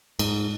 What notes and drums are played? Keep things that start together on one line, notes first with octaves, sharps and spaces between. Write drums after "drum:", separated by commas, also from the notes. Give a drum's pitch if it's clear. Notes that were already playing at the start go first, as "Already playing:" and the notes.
G#2, drum: cymbal